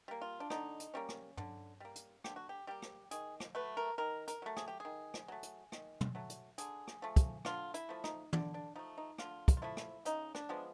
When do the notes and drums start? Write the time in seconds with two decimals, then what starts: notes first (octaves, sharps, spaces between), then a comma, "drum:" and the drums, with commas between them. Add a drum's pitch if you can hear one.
0.08 G3 A#3
0.22 F4
0.40 D4
0.50 D3 D#4, drum: rim click
0.80 drum: hi-hat
0.94 G3 A#3 C#4
1.09 drum: rim click
1.37 D3, drum: tom
1.80 G3 A#3
1.96 drum: hi-hat
2.24 D3 G4, drum: rim click
2.36 F#4
2.49 G4
2.67 G3 A#3 G4
2.82 drum: rim click
3.11 D#3 G#4, drum: hi-hat
3.40 drum: rim click
3.55 F#3 A3 B4
3.77 A#4
3.98 D#3 A#4
4.28 A#4, drum: hi-hat
4.42 F#3 A3
4.57 G#4, drum: rim click
4.68 G4
4.80 D#3 G#4
5.14 drum: rim click
5.28 F#3 A3
5.43 drum: hi-hat
5.72 D#3, drum: rim click
6.01 drum: tom
6.15 F#3 A3
6.30 drum: hi-hat
6.58 D3 G#4, drum: hi-hat
6.87 drum: rim click
7.02 F3 A3
7.16 drum: kick, hi-hat
7.45 D3 F4, drum: rim click
7.74 E4, drum: hi-hat
7.89 F3 A3
8.04 D#4, drum: rim click
8.33 D3 D4, drum: tom
8.54 D4
8.76 F3 A3 D#4
8.98 D#4
9.18 D3 F4, drum: rim click
9.48 drum: kick, hi-hat
9.57 F4
9.62 F3 A3 E4
9.77 drum: rim click
10.05 C#3 D#4, drum: hi-hat
10.35 D4, drum: rim click
10.49 F3 G#3 B3